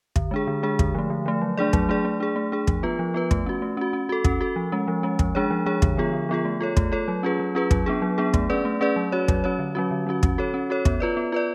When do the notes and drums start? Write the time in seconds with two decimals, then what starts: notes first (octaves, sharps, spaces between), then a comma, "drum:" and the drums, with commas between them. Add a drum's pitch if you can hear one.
0.16 D3, drum: kick
0.31 G#3 D4 G#4
0.47 D3
0.63 G#3 D4 G#4
0.79 D3, drum: kick
0.95 F3 A3
1.10 D3
1.26 F3 A3
1.42 F#3
1.57 A3 D4 G#4 D5
1.73 F#3, drum: kick
1.89 A3 D4 G#4 D5
2.05 A3
2.20 D4 G#4
2.36 A3
2.52 D4 G#4
2.67 F3, drum: kick
2.83 B3 F4 B4
2.99 F3
3.14 B3 F4 B4
3.31 A3, drum: kick
3.46 C#4 F#4
3.62 A3
3.77 C#4 F#4
3.93 C#4
4.09 F#4 A4
4.24 C#4, drum: kick
4.41 F#4 A4
4.56 F3
4.72 G#3 C#4
4.88 F3
5.03 G#3 C#4
5.19 F3, drum: kick
5.35 G#3 D4 G#4 C#5
5.51 F3
5.66 G#3 D4 G#4 C#5
5.82 D3, drum: kick
5.97 F3 B3 F4 G#4
6.13 D3
6.29 F3 B3 F4 G#4
6.45 A3
6.61 F4 A4 C#5
6.77 A3, drum: kick
6.92 F4 A4 C#5
7.08 F#3
7.23 C#4 F4 G#4 B4
7.40 F#3
7.55 C#4 F4 G#4 B4
7.71 F#3, drum: kick
7.86 B3 D4 G#4
8.02 F#3
8.18 B3 D4 G#4
8.34 A3, drum: kick
8.50 C#4 G#4 B4 D5
8.65 A3
8.81 C#4 G#4 B4 D5
8.96 F#3
9.12 C#4 F#4 C#5
9.28 F#3, drum: kick
9.44 C#4 F#4 C#5
9.59 D3
9.75 F#3 C#4 F#4
9.91 D3
10.07 F#3 C#4 F#4
10.23 C#4, drum: kick
10.38 F#4 A4 C#5
10.54 C#4
10.70 F#4 A4 C#5
10.85 B3, drum: kick
11.00 F4 B4 D5
11.17 B3
11.32 F4 B4 D5